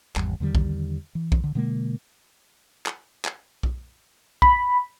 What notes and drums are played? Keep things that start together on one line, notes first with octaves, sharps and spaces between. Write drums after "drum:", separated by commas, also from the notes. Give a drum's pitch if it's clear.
G#1 E2 G3, drum: clap
E2 D3 D#3 G3
drum: kick
E3
drum: kick
D3
B2 D3 G#3 A#3
drum: clap
drum: clap
drum: kick
B5, drum: kick